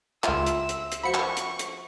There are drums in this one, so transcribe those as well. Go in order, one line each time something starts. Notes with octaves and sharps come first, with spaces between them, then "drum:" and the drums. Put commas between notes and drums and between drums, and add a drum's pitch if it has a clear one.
C#2 F4 E5 C6 E6, drum: clap
drum: hi-hat
drum: hi-hat
drum: hi-hat
F3 F#4 B4 B5 C#6 C#7
drum: clap
drum: hi-hat
drum: hi-hat